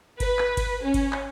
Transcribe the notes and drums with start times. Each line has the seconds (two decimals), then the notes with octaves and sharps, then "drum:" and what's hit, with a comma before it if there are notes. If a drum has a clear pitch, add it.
0.20 B4, drum: kick G1, cymbal
0.39 drum: clap
0.57 drum: kick G1, cymbal
0.84 C#4
0.94 drum: kick G1, cymbal
1.13 drum: clap